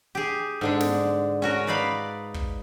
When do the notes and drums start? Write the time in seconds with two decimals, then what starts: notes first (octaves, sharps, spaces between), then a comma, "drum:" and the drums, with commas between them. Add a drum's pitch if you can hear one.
0.15 G4 G#4
0.61 G#2 D3 D4
0.80 drum: snare
1.42 C#4 F#4 A#4
1.67 D#4 B4 D5 F5 B5 C6
2.34 drum: kick